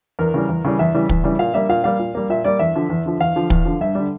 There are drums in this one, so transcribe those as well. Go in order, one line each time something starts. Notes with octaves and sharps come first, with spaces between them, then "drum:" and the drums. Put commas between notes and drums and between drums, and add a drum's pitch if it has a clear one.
E2 A#4
C#3 E3 G3
E2
C#3 E3 G3
E2 E5
C#3 E3 G3
E2, drum: kick
C#3 E3 G3
A#2 F5
G3 A#3 E5
A#2 F5
G3 A#3 F5
A#2
G3 A#3
A#2 E5
G3 A#3 D5
E2 E5
D3 F3
E2
D3 F3
E2 F5
D3 F3
E2, drum: kick
D3 F3
G2 E5
D3 G3